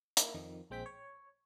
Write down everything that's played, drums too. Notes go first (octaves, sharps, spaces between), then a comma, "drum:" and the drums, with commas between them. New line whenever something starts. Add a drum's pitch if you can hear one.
A#3 E4, drum: hi-hat
F2 D#3 F3
A#1 G#3 C4 G5 G6 B6
C#5